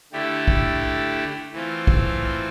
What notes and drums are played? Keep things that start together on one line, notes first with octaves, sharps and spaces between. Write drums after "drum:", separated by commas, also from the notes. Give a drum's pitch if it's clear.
D3 A3 E4 G4
drum: kick
E3 A3 C4 F4
drum: kick